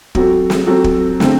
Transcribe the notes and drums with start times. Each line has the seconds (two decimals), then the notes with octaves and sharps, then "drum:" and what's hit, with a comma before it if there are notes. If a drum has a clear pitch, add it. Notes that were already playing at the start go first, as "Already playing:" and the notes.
0.15 F#3 C4 F#4 A4, drum: kick
0.50 drum: snare
0.66 F#3 C4 F#4 A4
0.84 drum: kick
1.20 D3 A3 C4, drum: snare